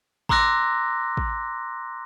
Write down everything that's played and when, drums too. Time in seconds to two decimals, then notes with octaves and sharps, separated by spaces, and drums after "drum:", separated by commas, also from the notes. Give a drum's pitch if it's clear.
0.29 A#5 C6 D6 E6 F#6 A#6, drum: kick
1.17 drum: kick